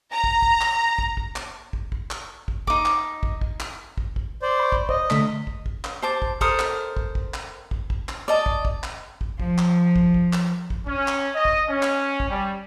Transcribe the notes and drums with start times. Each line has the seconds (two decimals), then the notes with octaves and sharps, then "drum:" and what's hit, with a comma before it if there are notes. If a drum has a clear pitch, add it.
0.12 A#5
0.24 drum: kick
0.42 drum: kick
0.61 drum: clap
0.98 drum: kick
1.17 drum: kick
1.36 drum: clap
1.73 drum: kick
1.92 drum: kick
2.11 drum: clap
2.48 drum: kick
2.67 D#4 D6, drum: kick
2.85 drum: clap
3.23 drum: kick
3.41 drum: kick
3.60 drum: clap
3.98 drum: kick
4.16 drum: kick
4.42 C5 D5
4.60 B5 C#6
4.72 drum: kick
4.89 C5 D5 D#5, drum: kick
5.10 D3 A3 B6, drum: clap
5.47 drum: kick
5.66 drum: kick
5.84 drum: clap
6.02 C5 A5 D6
6.22 drum: kick
6.41 A4 A#4 C5 D#6, drum: kick
6.59 drum: clap
6.97 drum: kick
7.15 drum: kick
7.34 drum: clap
7.71 drum: kick
7.90 drum: kick
8.09 drum: clap
8.28 D5 D#5 A5
8.46 drum: kick
8.65 drum: kick
8.83 drum: clap
9.21 drum: kick
9.40 F3, drum: kick
9.58 drum: clap
9.96 drum: kick
10.14 drum: kick
10.33 drum: clap
10.70 drum: kick
10.87 C#4, drum: kick
11.08 drum: clap
11.34 D#5
11.45 drum: kick
11.68 C#4
11.82 drum: clap
12.20 drum: kick
12.30 G3